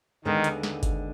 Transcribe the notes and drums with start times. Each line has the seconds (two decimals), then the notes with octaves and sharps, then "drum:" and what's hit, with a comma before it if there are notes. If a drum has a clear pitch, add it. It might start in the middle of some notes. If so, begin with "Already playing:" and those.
0.25 D#2 D3 D#3 G#3 B3
0.44 drum: hi-hat
0.63 drum: snare
0.83 drum: kick G1, hi-hat